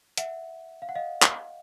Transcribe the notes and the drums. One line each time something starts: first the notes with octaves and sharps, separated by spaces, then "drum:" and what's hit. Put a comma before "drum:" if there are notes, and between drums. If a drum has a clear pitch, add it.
E5 F#5, drum: hi-hat
F5
F#5
D#5 F5
drum: clap